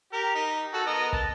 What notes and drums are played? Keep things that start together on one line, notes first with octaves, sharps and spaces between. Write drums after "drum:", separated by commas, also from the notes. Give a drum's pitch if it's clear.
G4 A#4
D#4
F#4 A4
B3 A#4 D#5
A5, drum: kick